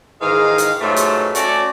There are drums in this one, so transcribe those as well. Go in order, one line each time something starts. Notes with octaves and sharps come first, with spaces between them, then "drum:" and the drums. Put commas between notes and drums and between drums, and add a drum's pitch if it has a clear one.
G#2 D#3 E3 G#4 D#5 F5
drum: hi-hat
G#2 B2 F#3 A3 F4
drum: hi-hat
A3 C#4 F#4 D5, drum: hi-hat